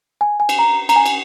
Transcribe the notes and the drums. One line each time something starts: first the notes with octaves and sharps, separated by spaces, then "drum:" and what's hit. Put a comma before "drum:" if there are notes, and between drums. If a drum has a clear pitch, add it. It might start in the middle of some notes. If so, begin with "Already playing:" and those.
G#5
G#5
drum: cymbal
A#5
A#5, drum: cymbal
G#5
drum: cymbal